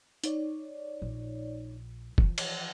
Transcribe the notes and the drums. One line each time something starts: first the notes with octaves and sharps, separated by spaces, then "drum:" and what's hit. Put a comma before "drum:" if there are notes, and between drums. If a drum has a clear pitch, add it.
D#4 C#5 D5, drum: hi-hat
A#1
E3 F3, drum: kick F1
C#5, drum: cymbal